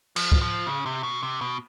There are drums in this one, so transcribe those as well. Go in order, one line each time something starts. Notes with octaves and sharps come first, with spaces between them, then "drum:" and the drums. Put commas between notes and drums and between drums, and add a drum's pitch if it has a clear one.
F3, drum: cymbal
drum: kick
F3
C#3
C3
B2
C3
B2